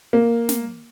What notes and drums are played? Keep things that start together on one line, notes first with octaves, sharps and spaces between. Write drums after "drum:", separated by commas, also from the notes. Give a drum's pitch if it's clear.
A#3
drum: snare